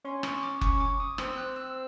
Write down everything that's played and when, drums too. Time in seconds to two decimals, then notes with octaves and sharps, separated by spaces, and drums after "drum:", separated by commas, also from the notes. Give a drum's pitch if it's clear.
0.04 C#4 C6
0.23 C#6, drum: rim click
0.43 D6
0.61 C#6, drum: kick F#1
0.80 D6
1.00 D#6
1.18 C4 E6, drum: rim click
1.37 F#6
1.56 E6